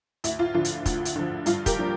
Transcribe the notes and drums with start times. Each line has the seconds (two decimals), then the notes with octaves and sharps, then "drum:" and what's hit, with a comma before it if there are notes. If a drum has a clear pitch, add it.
0.24 D2 E4, drum: hi-hat
0.39 F4
0.54 D3 F3 F4
0.65 drum: hi-hat
0.86 D2, drum: kick, hi-hat
1.05 drum: hi-hat
1.16 D3 F3
1.46 G2 F4, drum: hi-hat
1.66 G4 A#4, drum: kick, hi-hat
1.77 F3 A#3 D4